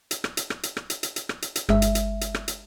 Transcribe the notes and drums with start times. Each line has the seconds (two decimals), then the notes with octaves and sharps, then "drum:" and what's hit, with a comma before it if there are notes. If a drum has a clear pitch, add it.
0.11 drum: hi-hat
0.24 drum: rim click
0.37 drum: hi-hat
0.50 drum: rim click
0.63 drum: hi-hat
0.77 drum: rim click
0.90 drum: hi-hat
1.03 drum: hi-hat
1.16 drum: hi-hat
1.29 drum: rim click
1.42 drum: hi-hat
1.56 drum: hi-hat
1.69 G1 G#3 E5, drum: rim click
1.82 drum: hi-hat
1.95 drum: hi-hat
2.21 drum: hi-hat
2.34 drum: rim click
2.48 drum: hi-hat